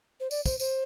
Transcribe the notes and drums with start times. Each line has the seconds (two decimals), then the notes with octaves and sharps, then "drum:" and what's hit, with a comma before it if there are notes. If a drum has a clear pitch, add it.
0.20 C5
0.31 D5, drum: tambourine
0.46 C5, drum: kick, tambourine
0.60 C5, drum: tambourine